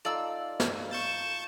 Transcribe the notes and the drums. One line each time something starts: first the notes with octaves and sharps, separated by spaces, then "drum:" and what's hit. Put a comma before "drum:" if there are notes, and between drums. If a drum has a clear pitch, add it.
D#4 F4 A4 D5 E6
drum: snare
C#6 G6 A6 E7